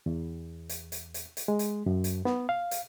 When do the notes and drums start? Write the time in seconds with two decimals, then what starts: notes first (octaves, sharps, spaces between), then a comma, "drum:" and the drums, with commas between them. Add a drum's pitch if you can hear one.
0.06 E2
0.69 drum: hi-hat
0.92 drum: hi-hat
1.14 drum: hi-hat
1.37 drum: hi-hat
1.48 G#3
1.59 drum: hi-hat
1.86 F#2
2.04 drum: hi-hat
2.25 B3, drum: snare
2.49 F5
2.71 drum: hi-hat